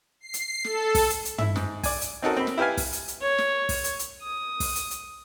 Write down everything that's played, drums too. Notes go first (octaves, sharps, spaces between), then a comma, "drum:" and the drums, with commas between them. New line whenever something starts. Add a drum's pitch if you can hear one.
C7
drum: hi-hat
A4, drum: snare
drum: kick, open hi-hat
drum: hi-hat
drum: hi-hat
E4 E5, drum: tom
G#2, drum: snare
D5 G#5, drum: kick, open hi-hat
drum: hi-hat
C4 C#4 D#4 F#4 A4 A#4
C4 B5
drum: snare
E4 G4 B4 F5 G#5
drum: kick, open hi-hat
drum: hi-hat
drum: hi-hat
C#5
drum: snare
drum: kick, open hi-hat
drum: hi-hat
drum: hi-hat
D#6
drum: kick, open hi-hat
drum: hi-hat
drum: hi-hat